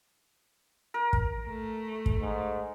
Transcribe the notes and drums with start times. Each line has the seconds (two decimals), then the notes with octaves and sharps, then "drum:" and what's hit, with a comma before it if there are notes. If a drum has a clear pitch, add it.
0.94 A#4
1.13 drum: kick
1.48 A3
2.06 drum: kick
2.21 G#2